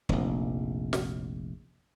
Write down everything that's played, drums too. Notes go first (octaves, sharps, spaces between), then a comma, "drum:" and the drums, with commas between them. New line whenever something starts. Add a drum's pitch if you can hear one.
F1 A#1, drum: kick
drum: snare